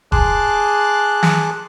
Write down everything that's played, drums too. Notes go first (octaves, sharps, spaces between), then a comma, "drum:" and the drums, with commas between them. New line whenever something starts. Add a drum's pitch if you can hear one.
G#4 A5 C6 D6 F#6, drum: kick E1
drum: snare